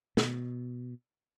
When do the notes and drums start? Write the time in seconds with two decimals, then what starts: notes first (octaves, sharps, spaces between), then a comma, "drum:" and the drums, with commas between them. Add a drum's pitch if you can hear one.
0.17 B2, drum: snare